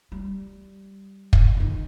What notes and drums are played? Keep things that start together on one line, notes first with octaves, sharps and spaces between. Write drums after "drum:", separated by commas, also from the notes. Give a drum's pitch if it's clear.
G3
drum: kick
D3 D#3